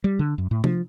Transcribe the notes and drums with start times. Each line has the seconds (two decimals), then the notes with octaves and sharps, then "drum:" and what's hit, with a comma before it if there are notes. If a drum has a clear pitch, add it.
0.04 G3
0.19 D3
0.38 F#2
0.51 A2
0.64 F3, drum: tom C3